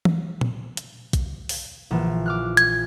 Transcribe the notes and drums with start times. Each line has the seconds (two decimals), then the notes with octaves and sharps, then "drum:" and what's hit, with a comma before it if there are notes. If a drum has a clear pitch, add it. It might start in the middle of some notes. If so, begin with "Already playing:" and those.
0.05 drum: tom E3
0.41 drum: tom A#2
0.77 drum: hi-hat
1.13 drum: kick, hi-hat
1.49 drum: open hi-hat
1.91 A#1 E3
2.26 D6 F6 F#6
2.57 G#6, drum: hi-hat